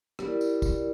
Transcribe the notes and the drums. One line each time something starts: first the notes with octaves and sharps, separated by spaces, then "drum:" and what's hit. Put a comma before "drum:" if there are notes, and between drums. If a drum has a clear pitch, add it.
G3 E4 A#4 D5, drum: rim click
drum: tambourine
drum: kick, tambourine